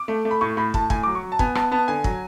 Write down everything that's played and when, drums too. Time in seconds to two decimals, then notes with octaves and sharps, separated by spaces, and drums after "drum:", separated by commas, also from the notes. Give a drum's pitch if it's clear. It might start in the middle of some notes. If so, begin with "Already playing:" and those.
Already playing: D6
0.08 A3
0.25 A3
0.31 B5
0.41 A2 C#6
0.57 A2 B5
0.74 A2 A5, drum: kick
0.90 A2 G#5, drum: kick
1.03 F#3 D6
1.15 C#6
1.23 F#3
1.32 A5
1.39 B3 G#5, drum: kick
1.55 B3 A5, drum: rim click
1.71 B3 A5
1.88 D3 G#5
2.04 F#3, drum: kick